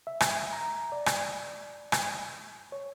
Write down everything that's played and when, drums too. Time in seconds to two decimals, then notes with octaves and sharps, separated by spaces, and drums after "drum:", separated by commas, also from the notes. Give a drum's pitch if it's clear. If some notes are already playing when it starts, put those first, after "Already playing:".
0.07 E5
0.20 drum: rim click
0.53 A#5
0.92 D5
1.06 drum: rim click
1.92 drum: rim click
2.72 C#5